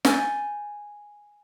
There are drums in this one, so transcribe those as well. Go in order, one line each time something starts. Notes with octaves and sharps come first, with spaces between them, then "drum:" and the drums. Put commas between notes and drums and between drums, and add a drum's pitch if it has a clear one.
G#5 G6 A6, drum: snare